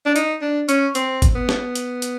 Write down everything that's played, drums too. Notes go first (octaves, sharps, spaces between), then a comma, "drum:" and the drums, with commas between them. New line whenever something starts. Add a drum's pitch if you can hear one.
D4
D#4, drum: hi-hat
D4
C#4, drum: hi-hat
C4, drum: hi-hat
drum: kick, hi-hat
B3
drum: snare
drum: hi-hat
drum: hi-hat